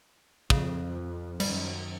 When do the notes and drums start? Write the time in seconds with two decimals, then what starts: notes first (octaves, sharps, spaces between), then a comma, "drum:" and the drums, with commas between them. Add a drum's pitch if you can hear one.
0.50 F2 C#3, drum: kick
1.40 F#2 D#3 G3, drum: cymbal